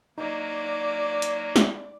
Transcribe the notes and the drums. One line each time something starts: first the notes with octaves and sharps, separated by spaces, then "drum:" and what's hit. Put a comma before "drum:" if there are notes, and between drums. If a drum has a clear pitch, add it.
F#3 A#3 D#4 D5
drum: hi-hat
drum: snare